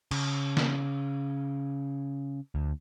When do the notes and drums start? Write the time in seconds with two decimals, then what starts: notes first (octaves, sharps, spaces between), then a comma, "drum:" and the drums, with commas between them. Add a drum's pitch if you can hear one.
0.11 C#3, drum: cymbal
0.57 drum: snare
2.55 D2